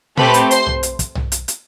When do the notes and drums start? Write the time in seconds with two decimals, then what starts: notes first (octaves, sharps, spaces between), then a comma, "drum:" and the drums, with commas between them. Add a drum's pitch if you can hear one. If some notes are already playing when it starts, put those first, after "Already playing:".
0.17 A3 C4 G4 B4 B5, drum: tom A#2
0.34 drum: hi-hat
0.51 C5 C6, drum: hi-hat
0.66 drum: tom B1
0.83 drum: hi-hat
0.99 drum: kick, hi-hat
1.15 drum: tom B1
1.32 drum: hi-hat
1.48 drum: hi-hat